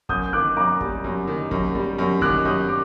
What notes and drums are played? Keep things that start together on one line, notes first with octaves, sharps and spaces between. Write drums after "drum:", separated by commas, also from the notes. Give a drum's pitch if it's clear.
F#2 D#6 G6, drum: kick F#1
D#3 D6 F#6
F#2 A#5 D6
G3, drum: kick F#1
F#2
D#3
F#2, drum: kick F#1
G3
F#2
D#3 D6 F#6, drum: kick F#1
F#2 D#6 G6
D6